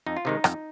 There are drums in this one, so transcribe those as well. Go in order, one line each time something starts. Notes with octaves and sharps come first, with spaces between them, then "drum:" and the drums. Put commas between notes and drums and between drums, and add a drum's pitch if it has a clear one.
F2 D#4
F4
C3 D#3 G#3 D#4
F2, drum: rim click